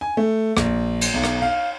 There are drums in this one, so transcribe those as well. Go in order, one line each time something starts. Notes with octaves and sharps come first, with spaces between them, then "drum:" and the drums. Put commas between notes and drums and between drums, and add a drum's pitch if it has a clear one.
G#5
A3
A#1, drum: rim click
drum: cymbal
B1
drum: rim click
F5